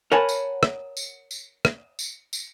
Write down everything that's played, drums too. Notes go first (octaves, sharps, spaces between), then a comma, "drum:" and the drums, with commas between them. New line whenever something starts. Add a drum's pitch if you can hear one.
A#4 C#5 F#5 G#5 A5 B5
drum: tambourine
drum: rim click
drum: tambourine
drum: tambourine
drum: rim click
drum: tambourine
drum: tambourine